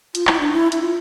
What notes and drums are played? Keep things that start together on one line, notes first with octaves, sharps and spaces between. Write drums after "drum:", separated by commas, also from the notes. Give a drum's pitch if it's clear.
F4, drum: hi-hat
E4, drum: clap
D4
E4
E4, drum: hi-hat
F4